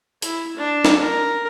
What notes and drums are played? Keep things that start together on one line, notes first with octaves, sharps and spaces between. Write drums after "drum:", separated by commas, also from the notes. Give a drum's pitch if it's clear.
E4, drum: hi-hat
D4
drum: snare
A#4